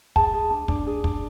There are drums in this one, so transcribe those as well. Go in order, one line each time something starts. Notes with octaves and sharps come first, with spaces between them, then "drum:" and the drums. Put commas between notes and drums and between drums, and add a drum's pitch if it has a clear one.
G#4 A5, drum: kick
G#4
D4
D4, drum: kick
G#4
D4, drum: kick